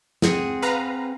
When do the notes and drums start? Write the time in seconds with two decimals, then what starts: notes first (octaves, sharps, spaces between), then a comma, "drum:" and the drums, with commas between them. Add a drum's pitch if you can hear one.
0.22 C4 G#4 F#5, drum: snare
0.62 B4 F5 A#5